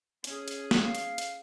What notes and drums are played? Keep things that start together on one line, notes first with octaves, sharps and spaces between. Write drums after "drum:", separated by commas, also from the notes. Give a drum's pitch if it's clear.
C#4 G#4, drum: hi-hat
drum: hi-hat
drum: snare
F5
drum: hi-hat
drum: hi-hat